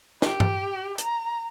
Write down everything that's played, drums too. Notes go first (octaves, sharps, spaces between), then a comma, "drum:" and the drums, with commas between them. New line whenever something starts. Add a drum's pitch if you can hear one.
G4, drum: snare
drum: tom
A#5, drum: hi-hat